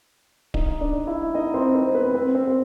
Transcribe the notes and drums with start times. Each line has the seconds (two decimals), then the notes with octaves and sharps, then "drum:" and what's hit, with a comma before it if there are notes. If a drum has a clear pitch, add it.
0.54 D#4 D#5, drum: kick D1
0.81 D4 D5
1.07 E4 E5
1.35 D#4 D#5
1.54 C4 C5
1.75 C4 C5
1.94 B3 B4
2.15 C4 C5
2.35 C4 C5
2.48 C5